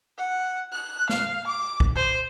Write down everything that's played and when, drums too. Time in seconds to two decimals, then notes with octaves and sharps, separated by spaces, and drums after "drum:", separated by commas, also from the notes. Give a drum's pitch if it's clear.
0.18 F#5
0.72 F#6
1.09 F5, drum: snare
1.47 D6
1.80 drum: kick
1.95 C5